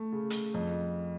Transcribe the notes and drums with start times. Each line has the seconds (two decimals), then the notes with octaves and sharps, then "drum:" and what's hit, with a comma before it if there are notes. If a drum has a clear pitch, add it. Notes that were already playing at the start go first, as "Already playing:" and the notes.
Already playing: A3
0.12 C#3
0.30 drum: hi-hat
0.54 F2